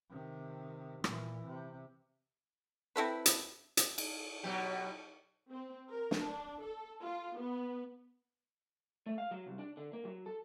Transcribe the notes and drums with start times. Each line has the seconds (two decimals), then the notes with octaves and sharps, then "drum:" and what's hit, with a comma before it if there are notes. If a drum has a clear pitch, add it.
0.10 C3 D#3
1.04 A#2 E3, drum: rim click
1.47 C3
2.96 C4 E4 A4 B4
3.26 drum: hi-hat
3.77 drum: hi-hat
3.98 drum: cymbal
4.43 B2 F#3 G4
5.53 C4
5.91 A#4
6.11 drum: snare
6.24 D4
6.62 A4
7.02 F4
7.38 B3
9.06 A3
9.18 F5
9.31 F#3
9.46 C2
9.59 D4
9.77 D3
9.93 A#3
10.05 F#3
10.26 A4